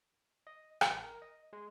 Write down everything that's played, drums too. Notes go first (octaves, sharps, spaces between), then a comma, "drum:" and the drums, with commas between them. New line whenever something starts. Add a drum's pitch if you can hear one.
D#5
A1, drum: rim click
A#4
D#5
G#3